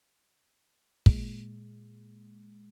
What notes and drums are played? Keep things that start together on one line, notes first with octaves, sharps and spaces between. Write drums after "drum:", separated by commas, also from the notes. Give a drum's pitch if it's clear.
A#2 G#3, drum: kick